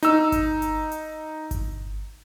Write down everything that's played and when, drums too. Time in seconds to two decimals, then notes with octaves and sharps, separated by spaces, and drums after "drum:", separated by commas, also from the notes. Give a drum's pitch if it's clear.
0.03 D#4 E6, drum: hi-hat
0.32 drum: kick G1, hi-hat
0.62 drum: hi-hat
0.92 drum: hi-hat
1.51 drum: kick G1, hi-hat